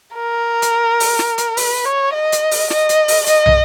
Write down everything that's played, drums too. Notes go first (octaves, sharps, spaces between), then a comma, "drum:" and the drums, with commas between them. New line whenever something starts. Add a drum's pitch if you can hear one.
A#4
drum: hi-hat
drum: open hi-hat
drum: snare
drum: hi-hat
B4, drum: open hi-hat
C#5
D#5
drum: hi-hat
drum: open hi-hat
D#5, drum: snare
drum: hi-hat
drum: open hi-hat
D#5, drum: hi-hat
drum: tom